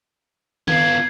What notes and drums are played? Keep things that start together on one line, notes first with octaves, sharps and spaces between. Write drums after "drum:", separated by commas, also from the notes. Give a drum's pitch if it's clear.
B3 F4 G#6 C7, drum: tom D#3